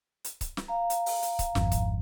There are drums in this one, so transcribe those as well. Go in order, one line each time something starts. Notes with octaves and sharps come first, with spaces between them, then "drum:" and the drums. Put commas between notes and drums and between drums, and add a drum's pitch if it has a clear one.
drum: hi-hat
drum: kick C#1, hi-hat
drum: snare
F5 A#5
drum: hi-hat
drum: open hi-hat
drum: hi-hat
drum: kick C#1, hi-hat
G#1 F2, drum: snare
drum: kick C#1, hi-hat